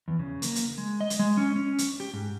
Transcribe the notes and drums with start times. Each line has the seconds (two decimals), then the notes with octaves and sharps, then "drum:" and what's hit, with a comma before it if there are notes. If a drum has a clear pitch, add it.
0.08 E2
0.19 C#3
0.42 A#3, drum: hi-hat
0.55 drum: hi-hat
0.78 G#3
1.01 D#5
1.10 drum: hi-hat
1.19 G#3
1.37 C#4
1.56 C#4
1.78 drum: hi-hat
2.00 G4
2.14 G#2